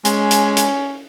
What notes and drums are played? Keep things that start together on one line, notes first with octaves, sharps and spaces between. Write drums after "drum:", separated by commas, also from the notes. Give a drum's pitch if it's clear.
G#3 C#4, drum: hi-hat
drum: hi-hat
drum: hi-hat